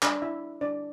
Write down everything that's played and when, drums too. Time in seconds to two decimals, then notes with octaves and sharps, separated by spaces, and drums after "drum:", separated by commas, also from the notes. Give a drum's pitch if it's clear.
0.02 D4 D5, drum: clap
0.22 E4 E5
0.61 D4 D5